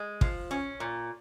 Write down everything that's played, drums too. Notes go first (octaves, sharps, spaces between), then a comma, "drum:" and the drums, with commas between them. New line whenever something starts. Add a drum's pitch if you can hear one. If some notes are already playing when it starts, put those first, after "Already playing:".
Already playing: G#3
F3, drum: kick
C#4
A#2